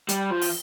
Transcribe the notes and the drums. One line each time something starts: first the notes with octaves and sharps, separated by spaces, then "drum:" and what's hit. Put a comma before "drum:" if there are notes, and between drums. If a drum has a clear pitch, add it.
G3, drum: hi-hat
F3
drum: open hi-hat